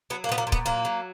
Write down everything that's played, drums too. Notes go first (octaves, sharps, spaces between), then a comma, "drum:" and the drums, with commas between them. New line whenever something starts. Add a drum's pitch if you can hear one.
F#3 B3
A#3
A#2 B3
A#3
A#2
B3, drum: kick
F#3 A#3
F#3